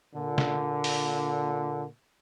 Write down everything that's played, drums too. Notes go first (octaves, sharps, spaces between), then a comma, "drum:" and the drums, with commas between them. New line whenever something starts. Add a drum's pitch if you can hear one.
A#2 D3
drum: snare
drum: open hi-hat